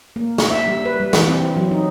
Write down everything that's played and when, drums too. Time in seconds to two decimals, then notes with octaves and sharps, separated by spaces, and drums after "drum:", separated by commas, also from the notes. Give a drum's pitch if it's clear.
0.16 A#3
0.38 drum: snare
0.50 E5
0.68 G3
0.85 B4
1.00 G3
1.13 E3, drum: snare
1.27 C4
1.56 F#3
1.71 D#4